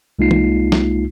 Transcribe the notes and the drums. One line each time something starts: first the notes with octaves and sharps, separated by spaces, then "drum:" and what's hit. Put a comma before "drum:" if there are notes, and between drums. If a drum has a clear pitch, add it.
C2 G#3 A#3 D#4 F4 C7
drum: tom
drum: snare